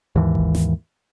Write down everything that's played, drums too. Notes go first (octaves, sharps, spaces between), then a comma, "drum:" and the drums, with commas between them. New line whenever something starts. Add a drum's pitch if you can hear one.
D#2 G#2 E3
drum: kick G#1
drum: snare